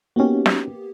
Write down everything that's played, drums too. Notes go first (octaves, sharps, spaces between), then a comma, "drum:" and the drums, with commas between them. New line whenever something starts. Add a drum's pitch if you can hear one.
A#3 B3 C#4 D#4 F#4 G4
drum: snare